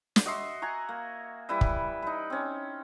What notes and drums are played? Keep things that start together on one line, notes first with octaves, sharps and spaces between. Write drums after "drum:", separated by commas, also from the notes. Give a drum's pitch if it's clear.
drum: snare
F#4 D#5 E5 C6
F#5 G#5 A#5 C#6
A#3
E3 G3 B4 E5
drum: kick
D#4 B4
C4 C#4